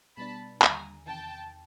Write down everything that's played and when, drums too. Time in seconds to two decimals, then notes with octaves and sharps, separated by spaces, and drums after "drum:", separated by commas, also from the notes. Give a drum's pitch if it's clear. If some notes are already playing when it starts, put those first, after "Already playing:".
0.17 B2 G3 B3 D4 A5 B5
0.62 D#2 D3 G3 G#5 A#5, drum: clap
1.07 E2 C3 D#3 G5 A5